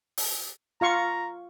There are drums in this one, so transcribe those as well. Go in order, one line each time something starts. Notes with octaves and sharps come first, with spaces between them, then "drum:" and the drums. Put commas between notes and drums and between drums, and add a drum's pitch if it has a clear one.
drum: open hi-hat
F4 F5 A#5 C#6